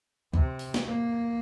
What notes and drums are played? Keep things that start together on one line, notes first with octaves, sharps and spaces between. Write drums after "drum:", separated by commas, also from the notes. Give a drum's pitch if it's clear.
C3, drum: kick
drum: open hi-hat
drum: snare
A#3